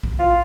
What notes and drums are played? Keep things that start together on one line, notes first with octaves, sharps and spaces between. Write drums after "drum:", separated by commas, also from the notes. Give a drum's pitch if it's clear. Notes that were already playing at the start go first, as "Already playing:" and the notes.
drum: kick A#1
F4